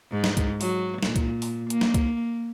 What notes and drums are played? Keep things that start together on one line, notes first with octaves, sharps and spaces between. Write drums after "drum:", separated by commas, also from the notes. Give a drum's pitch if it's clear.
G#2
drum: snare
drum: kick, hi-hat
F#3, drum: open hi-hat
A#2, drum: snare
drum: kick, hi-hat
drum: open hi-hat
A#3, drum: hi-hat
drum: snare
drum: kick, hi-hat